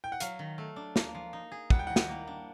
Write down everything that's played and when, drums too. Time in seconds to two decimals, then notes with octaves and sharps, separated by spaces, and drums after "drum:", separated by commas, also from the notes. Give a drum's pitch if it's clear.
0.04 G5
0.12 F#5
0.20 F#3 F5, drum: hi-hat
0.39 D#3
0.58 A3
0.76 D4
0.96 A#3, drum: snare
1.15 F3
1.33 D#4
1.52 G#4
1.70 G3 F#5, drum: kick
1.79 G5
1.87 D#3 F#5
1.96 drum: snare
2.09 A#3
2.27 D4